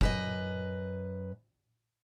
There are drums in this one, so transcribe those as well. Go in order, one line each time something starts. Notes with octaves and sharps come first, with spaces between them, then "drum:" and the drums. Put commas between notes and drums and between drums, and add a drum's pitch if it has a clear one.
F#2 B4 D#5, drum: kick F1